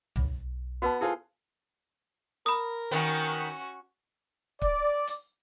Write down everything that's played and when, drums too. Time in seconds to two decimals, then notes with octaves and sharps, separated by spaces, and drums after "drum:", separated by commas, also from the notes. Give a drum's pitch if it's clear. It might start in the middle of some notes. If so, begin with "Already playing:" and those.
0.16 B1, drum: tom
0.82 B3 F#4 B4 A5
1.01 E4 F4 G#4 A4 C5
2.46 A#4 B5 D#6
2.91 D#3 B3 C#4 F#4, drum: hi-hat
4.62 D5, drum: kick
5.07 drum: hi-hat